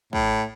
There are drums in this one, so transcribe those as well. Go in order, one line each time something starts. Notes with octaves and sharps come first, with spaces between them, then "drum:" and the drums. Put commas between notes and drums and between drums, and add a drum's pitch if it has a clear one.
A2, drum: kick